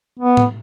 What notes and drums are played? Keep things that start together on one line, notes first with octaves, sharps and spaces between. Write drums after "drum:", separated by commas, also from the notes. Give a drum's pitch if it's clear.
B3
drum: tom A2